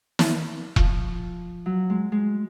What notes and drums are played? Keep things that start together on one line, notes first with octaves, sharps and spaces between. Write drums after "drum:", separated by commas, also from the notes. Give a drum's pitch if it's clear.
drum: snare
F3, drum: kick E1
F#3
G#3
G#3